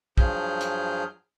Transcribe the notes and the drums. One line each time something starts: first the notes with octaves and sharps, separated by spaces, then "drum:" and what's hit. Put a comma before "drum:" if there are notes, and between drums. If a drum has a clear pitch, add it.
G2 F3 F#3 G#4 F6 G6, drum: kick
drum: hi-hat